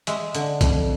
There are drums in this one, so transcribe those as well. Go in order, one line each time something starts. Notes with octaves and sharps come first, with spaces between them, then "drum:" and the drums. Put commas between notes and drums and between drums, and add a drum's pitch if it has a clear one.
G#3 E5, drum: hi-hat
D3, drum: hi-hat
F2, drum: kick B1, hi-hat